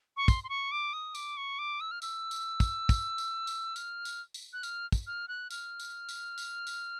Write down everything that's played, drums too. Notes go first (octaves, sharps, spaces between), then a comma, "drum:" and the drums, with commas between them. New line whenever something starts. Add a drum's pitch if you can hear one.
C#6
C6, drum: kick, tambourine
C6
C#6
D6
D#6
D6, drum: tambourine
C#6
D6
E6
F6
E6, drum: tambourine
drum: tambourine
drum: kick, tambourine
drum: kick, tambourine
drum: tambourine
drum: tambourine
F6, drum: tambourine
drum: tambourine
drum: tambourine
F#6
F6, drum: tambourine
drum: kick, tambourine
F6
F#6
F6, drum: tambourine
drum: tambourine
drum: tambourine
drum: tambourine
drum: tambourine